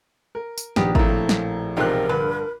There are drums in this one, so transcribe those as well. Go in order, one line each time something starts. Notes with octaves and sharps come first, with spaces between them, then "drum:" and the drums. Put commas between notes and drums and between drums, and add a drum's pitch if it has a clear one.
A#4
drum: tambourine
A#1 D#3 B3 G4, drum: snare
A2 A3 A#3 C4 A#5, drum: kick G#1
drum: snare
E1 C3 D#4 F4 G4 A#4 F#6
G2 D3 B4